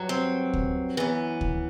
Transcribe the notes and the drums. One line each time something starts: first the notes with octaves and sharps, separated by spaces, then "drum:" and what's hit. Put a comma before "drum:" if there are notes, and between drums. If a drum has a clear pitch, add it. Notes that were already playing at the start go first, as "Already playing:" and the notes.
Already playing: G2 F#3
C4
drum: kick D2
F#2 E3 B3
drum: kick D2